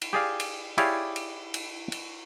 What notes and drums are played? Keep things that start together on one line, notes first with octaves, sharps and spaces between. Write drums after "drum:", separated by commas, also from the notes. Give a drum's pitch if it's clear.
drum: cymbal
G4 G#4 D5 F5
drum: cymbal
E4 G4 G#4 C#5 D5 F5, drum: cymbal
drum: cymbal
drum: cymbal
drum: cymbal